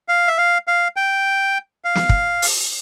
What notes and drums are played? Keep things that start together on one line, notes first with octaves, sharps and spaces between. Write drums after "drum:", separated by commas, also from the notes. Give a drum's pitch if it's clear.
F5
E5
F5
F5
G5
F5
drum: snare
drum: kick
drum: open hi-hat